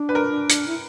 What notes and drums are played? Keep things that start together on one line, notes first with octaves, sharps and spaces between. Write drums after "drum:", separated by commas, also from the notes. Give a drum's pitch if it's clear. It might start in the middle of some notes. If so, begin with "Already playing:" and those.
Already playing: D4
B4
A#4
drum: hi-hat
E4